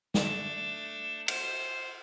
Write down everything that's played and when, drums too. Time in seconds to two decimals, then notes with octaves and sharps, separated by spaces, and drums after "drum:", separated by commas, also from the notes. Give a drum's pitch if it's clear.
0.14 A3 D4, drum: snare
1.28 C5, drum: cymbal